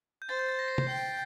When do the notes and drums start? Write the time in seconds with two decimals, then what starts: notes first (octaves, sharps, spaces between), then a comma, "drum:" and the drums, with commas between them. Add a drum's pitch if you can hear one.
0.22 G6
0.29 C5 A6
0.39 G6
0.49 A6
0.59 A#6
0.68 C7
0.78 C7, drum: tom
0.88 G5